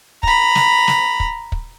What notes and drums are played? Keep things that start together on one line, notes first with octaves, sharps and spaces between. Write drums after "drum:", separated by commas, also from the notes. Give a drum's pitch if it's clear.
A#5 B5, drum: kick
drum: snare
drum: snare
drum: kick
drum: kick